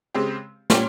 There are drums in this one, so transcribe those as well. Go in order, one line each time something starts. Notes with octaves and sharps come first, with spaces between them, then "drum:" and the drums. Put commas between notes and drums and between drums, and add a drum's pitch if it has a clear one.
C#3 G#3 C4 G4
A#2 G3 C#4 G4, drum: snare